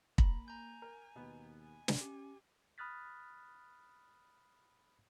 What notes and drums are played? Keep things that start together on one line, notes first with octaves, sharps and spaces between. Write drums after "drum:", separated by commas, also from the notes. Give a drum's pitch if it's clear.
A#3 A#5 B5, drum: kick
G#5 A#5 G6
A#4
D#2 B2 B3
G#5
drum: snare
C#4 G4
B5 D#6 F6 F#6 A6 B6